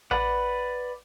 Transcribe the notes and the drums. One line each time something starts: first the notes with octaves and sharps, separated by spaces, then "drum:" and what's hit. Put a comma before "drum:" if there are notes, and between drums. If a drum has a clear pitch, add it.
B4 D5 F#5, drum: kick A1